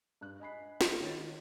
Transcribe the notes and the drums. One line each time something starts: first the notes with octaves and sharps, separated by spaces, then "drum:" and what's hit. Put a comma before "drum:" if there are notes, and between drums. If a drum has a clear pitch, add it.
G2 F#6
D#5 G#5 B5 C7
drum: snare
D#3 C#5 A6